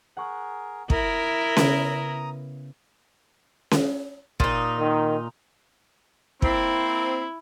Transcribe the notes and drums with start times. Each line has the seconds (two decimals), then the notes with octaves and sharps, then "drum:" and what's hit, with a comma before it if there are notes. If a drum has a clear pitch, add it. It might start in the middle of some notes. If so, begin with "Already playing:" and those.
0.17 G#4 A#4 F#5 C#6 F#6
0.90 E4 A#4 A#5 D#6, drum: kick
1.57 C#3 B3, drum: snare C#4
3.71 drum: snare C#4
4.40 A#2 D#4, drum: kick
4.80 D#3
6.42 A#3 C4 E4, drum: kick